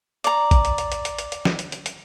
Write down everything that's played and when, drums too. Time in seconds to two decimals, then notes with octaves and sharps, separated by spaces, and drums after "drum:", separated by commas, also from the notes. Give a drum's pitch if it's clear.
0.24 D5 A#5, drum: hi-hat
0.51 drum: kick A1, hi-hat
0.65 drum: hi-hat
0.78 drum: hi-hat
0.92 drum: hi-hat
1.05 drum: hi-hat
1.19 drum: hi-hat
1.32 drum: hi-hat
1.45 drum: snare
1.59 drum: hi-hat
1.72 drum: hi-hat
1.86 drum: hi-hat